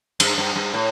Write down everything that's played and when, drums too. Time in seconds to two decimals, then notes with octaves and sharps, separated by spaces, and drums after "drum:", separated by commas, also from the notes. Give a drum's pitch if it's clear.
0.20 G2, drum: cymbal
0.38 G2
0.56 G2
0.74 A2